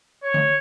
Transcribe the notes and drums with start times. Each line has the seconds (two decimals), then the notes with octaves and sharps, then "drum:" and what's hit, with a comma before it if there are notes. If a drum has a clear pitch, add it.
0.23 C#5
0.34 drum: tom D3